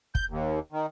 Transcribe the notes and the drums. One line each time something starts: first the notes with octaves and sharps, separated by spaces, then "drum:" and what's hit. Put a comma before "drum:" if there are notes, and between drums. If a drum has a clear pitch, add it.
G6, drum: kick
D#2
D#3